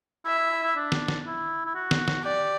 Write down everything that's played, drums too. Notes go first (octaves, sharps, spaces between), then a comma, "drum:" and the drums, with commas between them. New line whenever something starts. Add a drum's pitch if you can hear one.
E4 E5
E4
E4
E4
D4
drum: snare
drum: snare
E4
E4
F#4
drum: snare
drum: snare
G4 D5